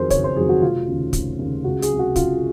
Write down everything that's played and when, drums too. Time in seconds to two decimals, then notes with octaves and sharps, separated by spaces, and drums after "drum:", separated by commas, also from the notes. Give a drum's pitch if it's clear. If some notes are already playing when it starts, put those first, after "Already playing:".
Already playing: F2 D#3 F#3 G#4 A#4 C5
0.10 F#1 C#5, drum: kick, hi-hat
0.24 C5
0.36 F2 D#3 F#3 G#4
0.49 F#4
0.62 F1 F4
0.88 D#2 C#3
1.13 F1, drum: kick, hi-hat
1.39 D#2 C#3
1.64 C#2 F#4
1.82 G#4, drum: hi-hat
1.90 C3 F#3
1.99 F#4
2.16 C#2 F4, drum: kick, hi-hat